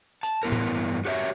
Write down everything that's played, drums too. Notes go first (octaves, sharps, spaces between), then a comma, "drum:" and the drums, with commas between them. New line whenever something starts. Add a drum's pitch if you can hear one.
A5, drum: hi-hat
E2 G2 B3 E4 A#4
drum: tom A2
F#4 G4 C#5 E5